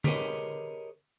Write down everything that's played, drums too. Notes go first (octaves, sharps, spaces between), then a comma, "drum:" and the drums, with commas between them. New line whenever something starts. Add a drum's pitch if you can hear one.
G4 G#4 A#4 B4 C#5 D#5, drum: tom D3